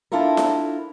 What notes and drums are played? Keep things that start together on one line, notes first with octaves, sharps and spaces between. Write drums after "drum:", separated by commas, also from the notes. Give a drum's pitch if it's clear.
D4 E4 F4 A4 A#4
drum: snare F4